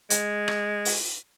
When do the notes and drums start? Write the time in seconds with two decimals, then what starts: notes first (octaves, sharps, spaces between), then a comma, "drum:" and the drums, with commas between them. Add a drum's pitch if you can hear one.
0.10 G#3, drum: hi-hat
0.48 drum: rim click
0.85 drum: open hi-hat